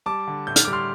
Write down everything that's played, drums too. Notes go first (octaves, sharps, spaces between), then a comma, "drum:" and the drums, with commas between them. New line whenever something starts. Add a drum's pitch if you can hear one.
G3 A5 D6
D3
A2 G6
F6, drum: hi-hat
G3 D6
C6 F6